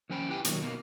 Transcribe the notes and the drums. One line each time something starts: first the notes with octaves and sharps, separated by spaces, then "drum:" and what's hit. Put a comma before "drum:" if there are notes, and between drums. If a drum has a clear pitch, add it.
D#2 F3 C#4 C5 G5 B5
E4 G4 B4 G5 G#5
B1 A#2 D#3 F#3, drum: hi-hat
B2 D#3 G3 A#3